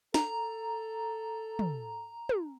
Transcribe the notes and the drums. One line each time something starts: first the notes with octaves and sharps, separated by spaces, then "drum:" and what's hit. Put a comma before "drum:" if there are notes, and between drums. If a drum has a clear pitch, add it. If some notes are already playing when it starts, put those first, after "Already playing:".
A4 A#5, drum: snare
drum: tom
drum: tom